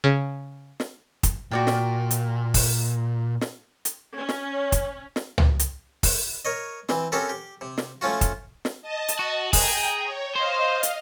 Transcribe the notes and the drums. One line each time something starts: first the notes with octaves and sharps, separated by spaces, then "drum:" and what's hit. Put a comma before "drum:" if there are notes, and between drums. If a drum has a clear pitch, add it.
C#3
drum: snare
drum: kick, hi-hat
A#2 F#4 D5 G5
drum: snare
drum: hi-hat
drum: kick, open hi-hat
drum: snare
drum: hi-hat
C#4
drum: snare
C#5
drum: kick, hi-hat
drum: snare
drum: tom C#2
drum: hi-hat
drum: kick, open hi-hat
A#4 C#5 D#5
E3 C4, drum: snare
C4 C#4 F#4 G4 A4 A#4
G4
C3
drum: snare
F3 A3 C#4 F4 F#4
drum: kick, hi-hat
drum: snare
D#5 A5
drum: hi-hat
F#4
G#4 G5 A#5, drum: kick, open hi-hat
C#5
C5 D#5 F5
drum: hi-hat